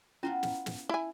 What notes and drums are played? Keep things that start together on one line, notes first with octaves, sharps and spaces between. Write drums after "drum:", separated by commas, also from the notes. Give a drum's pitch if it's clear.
B3 C#4 E4 F4 A5 A#5
drum: snare
drum: snare
E4 G#5